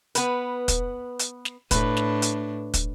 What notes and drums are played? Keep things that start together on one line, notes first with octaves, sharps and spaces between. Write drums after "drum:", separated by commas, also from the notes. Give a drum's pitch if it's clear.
B3 B4, drum: hi-hat
drum: kick, hi-hat
drum: hi-hat
drum: snare
A2 D4 B4, drum: kick, hi-hat
drum: snare
drum: hi-hat
drum: kick, hi-hat